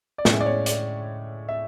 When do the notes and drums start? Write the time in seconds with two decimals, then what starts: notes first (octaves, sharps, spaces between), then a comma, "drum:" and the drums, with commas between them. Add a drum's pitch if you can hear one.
0.18 D5
0.25 A2 G#3 C#4 E5, drum: snare
0.40 D5
0.46 C#5
0.66 D5, drum: hi-hat
1.49 E5